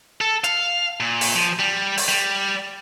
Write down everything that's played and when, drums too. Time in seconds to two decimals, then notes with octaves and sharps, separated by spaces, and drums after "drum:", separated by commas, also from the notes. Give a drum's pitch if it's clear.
0.21 A4
0.44 F5, drum: hi-hat
1.00 A#2
1.21 drum: open hi-hat
1.35 F3
1.59 G3
1.98 drum: open hi-hat
2.08 G3